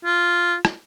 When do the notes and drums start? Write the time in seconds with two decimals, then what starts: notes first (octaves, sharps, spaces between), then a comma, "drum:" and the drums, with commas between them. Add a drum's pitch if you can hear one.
0.05 F4
0.65 drum: rim click